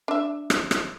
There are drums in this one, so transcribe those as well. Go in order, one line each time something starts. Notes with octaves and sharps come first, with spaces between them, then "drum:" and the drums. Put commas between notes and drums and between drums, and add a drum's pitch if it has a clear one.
D4 E5
drum: rim click
drum: rim click